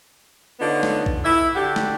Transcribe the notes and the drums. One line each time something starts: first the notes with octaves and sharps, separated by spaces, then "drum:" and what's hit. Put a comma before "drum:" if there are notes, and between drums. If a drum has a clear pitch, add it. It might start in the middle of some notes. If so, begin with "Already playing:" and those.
D3 B3 C#4 D#4 F4
drum: snare
drum: kick A#1
E4 E5
D3 F#4 G4
drum: snare